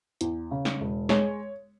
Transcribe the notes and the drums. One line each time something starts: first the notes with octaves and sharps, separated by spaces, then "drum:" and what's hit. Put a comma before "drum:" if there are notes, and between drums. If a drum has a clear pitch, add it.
E2, drum: hi-hat
C#3
drum: snare
E1
G#3 C#5, drum: snare